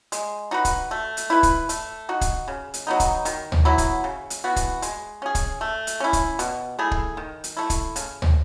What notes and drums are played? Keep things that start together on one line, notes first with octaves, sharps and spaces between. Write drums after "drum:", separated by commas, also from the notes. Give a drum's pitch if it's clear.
G#3, drum: hi-hat
D#4 F#4 B4
drum: kick, hi-hat
A3
drum: hi-hat
E4 B4
drum: kick, hi-hat
A3, drum: hi-hat
D#4 F#4
drum: kick, hi-hat
C#3
drum: hi-hat
F#3 B3 D#4
drum: kick, hi-hat
D#3, drum: hi-hat
drum: tom
F#3 B3 E4
drum: kick, hi-hat
C#3
drum: hi-hat
E3 B3 F#4
drum: kick, hi-hat
G#3, drum: hi-hat
C#4 G#4
drum: kick, hi-hat
A3
drum: hi-hat
C#4 E4
drum: kick, hi-hat
B2, drum: hi-hat
A3 E4 G#4
drum: kick
D#3
drum: hi-hat
A3 E4
drum: kick, hi-hat
C#3, drum: hi-hat
drum: tom